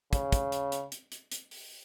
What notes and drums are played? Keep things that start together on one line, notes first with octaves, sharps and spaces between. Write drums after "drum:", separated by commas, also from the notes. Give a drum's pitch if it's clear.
C#3, drum: kick, hi-hat
drum: kick, hi-hat
drum: hi-hat
drum: hi-hat
drum: hi-hat
drum: hi-hat
drum: hi-hat
drum: open hi-hat